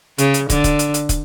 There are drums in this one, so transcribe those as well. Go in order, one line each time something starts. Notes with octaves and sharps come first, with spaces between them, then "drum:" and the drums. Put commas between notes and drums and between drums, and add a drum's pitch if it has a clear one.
C#3, drum: hi-hat
drum: hi-hat
D3, drum: kick, hi-hat
drum: kick, hi-hat
drum: hi-hat
drum: hi-hat
drum: kick, hi-hat